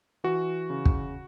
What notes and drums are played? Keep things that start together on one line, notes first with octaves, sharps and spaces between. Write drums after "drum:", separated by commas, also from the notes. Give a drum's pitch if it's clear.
E3 F#4
C#3
drum: kick